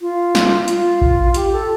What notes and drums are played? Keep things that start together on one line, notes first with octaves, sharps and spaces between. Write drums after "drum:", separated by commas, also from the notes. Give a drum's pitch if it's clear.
F4
drum: snare
F4, drum: hi-hat
drum: kick A1
G4, drum: hi-hat
A4